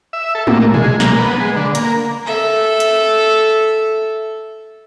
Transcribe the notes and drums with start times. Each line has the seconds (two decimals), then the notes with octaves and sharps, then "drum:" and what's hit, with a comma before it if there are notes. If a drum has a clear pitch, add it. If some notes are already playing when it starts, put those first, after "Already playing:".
0.13 E5
0.35 A4
0.47 A#2, drum: tom G#3
0.74 G#3, drum: tom A#2
1.00 A#3, drum: snare
1.19 B3
1.40 G#3
1.57 D3
1.75 A#3, drum: hi-hat
2.26 A4 E5
2.80 drum: hi-hat